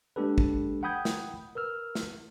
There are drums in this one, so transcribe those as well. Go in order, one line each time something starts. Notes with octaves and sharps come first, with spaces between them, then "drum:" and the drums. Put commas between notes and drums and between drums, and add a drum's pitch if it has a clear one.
G#3 A#3 D4 G4 A4 B4
drum: kick
F#5 G5 B5 D#6 G6 G#6
drum: snare
A#4 B4 E6 F6
drum: snare